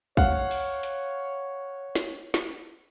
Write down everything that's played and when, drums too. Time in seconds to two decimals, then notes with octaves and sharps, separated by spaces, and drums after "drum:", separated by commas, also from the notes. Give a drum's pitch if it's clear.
0.17 C#5 F5 F#5, drum: kick
0.51 drum: open hi-hat
0.83 drum: hi-hat
1.95 drum: snare
2.34 drum: snare